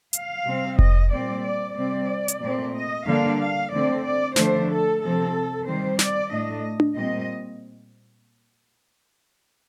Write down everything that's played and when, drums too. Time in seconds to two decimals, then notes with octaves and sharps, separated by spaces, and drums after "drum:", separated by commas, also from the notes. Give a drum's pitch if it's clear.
0.13 F5, drum: hi-hat
0.45 C3 G3 C4
0.79 D#5, drum: kick F1
1.10 A#2 G3 C4 D5
1.43 D5
1.75 C3 G3 C4 D5
2.28 drum: hi-hat
2.41 A#2 A3 C4
2.74 D#5
3.06 D3 G3 A#3 D4 F5
3.38 F5
3.71 D3 A3 C4 D5
4.03 D5
4.36 D3 F3 A3 D4 C5, drum: snare
4.69 A4
5.01 C3 F3 C4 A4
5.65 D#3 G3 C4 C5
5.99 D5, drum: snare
6.31 A2 A3 D4 D#5
6.80 drum: tom D4
6.95 A#2 G3 C4 D#5